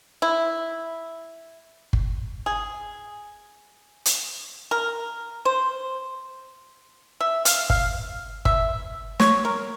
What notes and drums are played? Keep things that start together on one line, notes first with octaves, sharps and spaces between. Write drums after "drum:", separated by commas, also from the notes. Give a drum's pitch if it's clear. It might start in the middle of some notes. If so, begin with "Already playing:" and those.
E4
drum: kick G1
G#4
drum: hi-hat
A#4
C5
E5
F5, drum: hi-hat
F5, drum: kick G1
E5, drum: kick G1
C#5, drum: snare
A#4